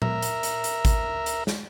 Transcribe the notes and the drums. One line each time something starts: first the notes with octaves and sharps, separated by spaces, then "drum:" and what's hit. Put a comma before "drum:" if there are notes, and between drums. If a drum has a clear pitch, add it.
A#4 E5, drum: tom A#2
drum: hi-hat
drum: hi-hat
drum: hi-hat
drum: kick G#1, hi-hat
drum: hi-hat
drum: snare